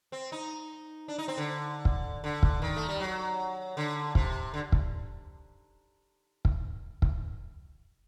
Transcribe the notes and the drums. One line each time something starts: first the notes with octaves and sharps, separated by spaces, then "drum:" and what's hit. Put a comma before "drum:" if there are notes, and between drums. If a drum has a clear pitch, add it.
C4
D#4
D4
D#4
C4
D3
drum: kick
D3
drum: kick
D#3
A3
G3
F#3
D3
C3, drum: kick
D3
drum: kick
drum: kick
drum: kick